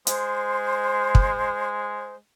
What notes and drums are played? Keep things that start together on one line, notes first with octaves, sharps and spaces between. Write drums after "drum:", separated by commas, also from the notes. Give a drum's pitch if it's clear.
G#3 C5, drum: hi-hat
drum: kick